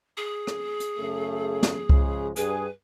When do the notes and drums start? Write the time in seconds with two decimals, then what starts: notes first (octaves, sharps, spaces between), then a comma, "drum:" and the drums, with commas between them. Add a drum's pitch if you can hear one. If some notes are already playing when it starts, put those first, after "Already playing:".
0.17 G#4
0.47 drum: rim click
0.80 drum: hi-hat
0.99 F#2 C#3 A3
1.63 drum: snare
1.89 C#3 F3 G#3, drum: kick C2
2.36 G2 G#4 B4, drum: hi-hat